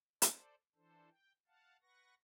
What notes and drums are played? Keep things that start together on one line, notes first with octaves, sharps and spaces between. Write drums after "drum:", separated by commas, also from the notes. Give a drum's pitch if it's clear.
A4 C5 D5, drum: hi-hat
E3 D4 A4 C5
G5
F5 F#5 A5
B4 F#5 C#6 A#6